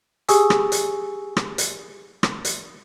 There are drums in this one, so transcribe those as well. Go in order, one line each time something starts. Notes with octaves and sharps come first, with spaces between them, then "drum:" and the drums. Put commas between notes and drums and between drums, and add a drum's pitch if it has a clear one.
G4 G#4 G#5 C#6 D#6 E6, drum: hi-hat
drum: rim click
drum: hi-hat
drum: rim click
drum: hi-hat
drum: rim click
drum: hi-hat